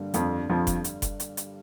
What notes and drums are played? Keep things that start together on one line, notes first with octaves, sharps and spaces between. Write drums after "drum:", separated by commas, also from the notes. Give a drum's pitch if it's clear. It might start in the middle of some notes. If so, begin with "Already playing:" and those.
Already playing: G2 D3 G3 A#3
F2 F3, drum: hi-hat
F2 F3
drum: kick F1, hi-hat
drum: hi-hat
drum: kick F1, hi-hat
drum: hi-hat
drum: hi-hat